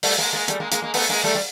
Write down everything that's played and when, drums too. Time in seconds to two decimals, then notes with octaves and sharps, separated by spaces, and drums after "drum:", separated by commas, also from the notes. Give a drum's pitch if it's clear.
0.03 G3 A3, drum: open hi-hat
0.18 G#3 A#3
0.33 G#3 A#3
0.48 G3 A3, drum: hi-hat
0.60 G#3 A#3
0.72 G#3 A#3, drum: hi-hat
0.82 G#3 A#3
0.94 A3 B3, drum: open hi-hat
1.09 G#3 A#3
1.24 G3 A3
1.35 G3